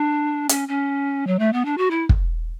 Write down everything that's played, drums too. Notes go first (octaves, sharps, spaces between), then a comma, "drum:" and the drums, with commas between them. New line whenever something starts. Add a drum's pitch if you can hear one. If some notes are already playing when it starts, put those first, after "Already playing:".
Already playing: D4
C#4, drum: hi-hat
C#4
F#3
A3
B3
D4
F#4
E4
drum: kick